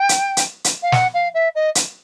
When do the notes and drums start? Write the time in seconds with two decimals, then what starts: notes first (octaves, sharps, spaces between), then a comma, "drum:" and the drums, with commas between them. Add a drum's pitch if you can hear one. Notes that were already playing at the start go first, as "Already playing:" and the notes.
Already playing: G5
0.09 drum: hi-hat
0.37 drum: hi-hat
0.64 drum: hi-hat
0.82 F5
0.92 F#5, drum: snare
1.13 F5
1.34 E5
1.55 D#5
1.75 drum: hi-hat